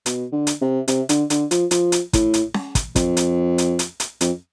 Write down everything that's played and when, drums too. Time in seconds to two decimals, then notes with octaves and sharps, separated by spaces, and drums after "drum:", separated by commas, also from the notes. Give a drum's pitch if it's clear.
0.06 B2, drum: hi-hat
0.32 D3
0.47 drum: hi-hat
0.61 C3
0.88 C3, drum: hi-hat
1.09 D3, drum: hi-hat
1.30 D3, drum: hi-hat
1.51 F3, drum: hi-hat
1.71 F3, drum: hi-hat
1.92 drum: hi-hat
2.13 A2, drum: kick, hi-hat
2.34 drum: hi-hat
2.54 drum: snare C#4
2.75 drum: kick, hi-hat
2.96 F2, drum: kick, hi-hat
3.17 drum: hi-hat
3.58 drum: hi-hat
3.79 drum: hi-hat
4.00 drum: hi-hat
4.21 F2, drum: hi-hat